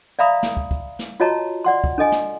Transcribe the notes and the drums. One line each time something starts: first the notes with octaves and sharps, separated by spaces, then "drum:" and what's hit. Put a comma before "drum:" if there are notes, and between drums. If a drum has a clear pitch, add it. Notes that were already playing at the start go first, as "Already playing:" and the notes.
D5 E5 F5 A#5 B5 D#6
drum: snare
drum: kick
drum: kick
drum: snare
F4 F#4 C#5 D#5 A5 A#5
D5 F#5 C6
drum: kick
D4 A4 D#5 G#5
drum: snare